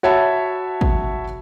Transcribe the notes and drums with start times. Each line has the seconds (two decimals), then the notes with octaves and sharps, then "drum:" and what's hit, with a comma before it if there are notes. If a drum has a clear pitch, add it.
0.03 F#4 C#5 E5 A5 B5
0.81 drum: kick G#1